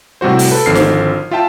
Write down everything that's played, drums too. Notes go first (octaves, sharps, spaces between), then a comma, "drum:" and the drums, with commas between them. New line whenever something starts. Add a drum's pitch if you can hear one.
A2 C3 G3 F#4 C5
drum: open hi-hat
A4 B4
G#1 D3 F3 C4 F6 C7
drum: snare
F4 E5 G5 A5